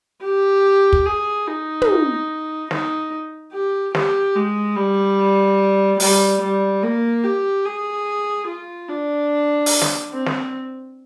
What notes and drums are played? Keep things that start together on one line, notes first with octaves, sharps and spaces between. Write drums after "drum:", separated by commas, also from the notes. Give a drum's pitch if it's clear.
G4
drum: kick
G#4
D#4
drum: tom
D#4, drum: snare
G4
G4, drum: snare
G#3
G3
G3, drum: open hi-hat
G3
A#3
G4
G#4
F4
D4
drum: open hi-hat
drum: snare
C4
drum: snare